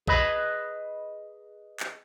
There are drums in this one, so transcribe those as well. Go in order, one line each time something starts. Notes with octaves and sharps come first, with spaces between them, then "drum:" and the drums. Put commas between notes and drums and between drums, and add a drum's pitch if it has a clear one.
G#4 B4 D#5 B5, drum: kick B1
drum: clap